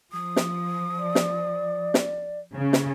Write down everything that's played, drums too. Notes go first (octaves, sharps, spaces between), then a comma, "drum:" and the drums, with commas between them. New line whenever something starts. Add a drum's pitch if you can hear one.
F3 D#6
drum: snare
D5
drum: snare
drum: snare
C#3
drum: snare